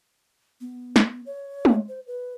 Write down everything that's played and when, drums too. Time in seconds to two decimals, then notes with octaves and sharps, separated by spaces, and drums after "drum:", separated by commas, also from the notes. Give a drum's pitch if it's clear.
0.61 B3
0.96 drum: snare
1.26 C#5
1.65 drum: tom
1.88 C5
2.07 B4